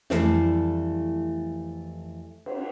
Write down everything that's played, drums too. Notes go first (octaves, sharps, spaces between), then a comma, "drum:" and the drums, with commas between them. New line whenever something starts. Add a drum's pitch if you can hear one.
F2 E3 G3 A3 E4 C5, drum: snare
drum: cymbal